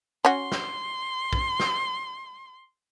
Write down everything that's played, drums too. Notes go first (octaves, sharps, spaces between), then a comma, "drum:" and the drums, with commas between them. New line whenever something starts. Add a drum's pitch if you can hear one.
C#4 F#4 C6
drum: snare
drum: kick
drum: snare